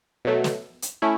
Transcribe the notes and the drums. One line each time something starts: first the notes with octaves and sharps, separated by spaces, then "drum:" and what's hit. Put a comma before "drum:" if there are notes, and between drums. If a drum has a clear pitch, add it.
B2 F#3 A3
drum: snare
drum: hi-hat
A3 C#4 E4